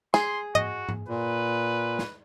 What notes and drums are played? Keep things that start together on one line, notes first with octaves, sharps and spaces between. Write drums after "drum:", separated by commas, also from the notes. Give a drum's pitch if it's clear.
G#4 C6, drum: snare
F#4 D#5, drum: tom G#2
drum: tom G#2
A#2 B4
drum: snare